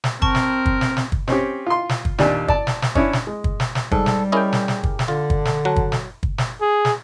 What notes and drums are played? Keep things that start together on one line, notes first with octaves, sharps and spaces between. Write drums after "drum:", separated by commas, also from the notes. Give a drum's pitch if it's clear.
drum: snare
C4 A#4 A5 C#6, drum: kick
drum: snare
drum: kick
drum: snare
drum: snare
drum: kick
C4 C#4 G4, drum: snare
F4 C6
drum: snare
drum: kick
D#2 A#2 D4 G4 D5 G#5, drum: snare
D5 A5, drum: kick
drum: snare
drum: snare
C#4 D4 E4, drum: kick
drum: snare
G#3
drum: kick
drum: snare
drum: snare
G#2 G3 G#4 A4, drum: kick
drum: snare
C#4 E4 G4 G#4 A#4 D#5
drum: snare
drum: snare
drum: kick
drum: snare
D3 D4 F4
drum: kick
drum: snare
F#3 A5 F#6
drum: kick
drum: snare
drum: kick
drum: snare
G#4
drum: snare